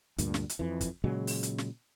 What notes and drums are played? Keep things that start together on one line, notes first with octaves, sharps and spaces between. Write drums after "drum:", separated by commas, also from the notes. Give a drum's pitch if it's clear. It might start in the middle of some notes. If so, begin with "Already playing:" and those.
D2 G2 A#2, drum: hi-hat
drum: snare
drum: hi-hat
F2 E3
drum: kick, hi-hat
A#2 C#3 F#3 G#3
drum: open hi-hat
drum: hi-hat
drum: snare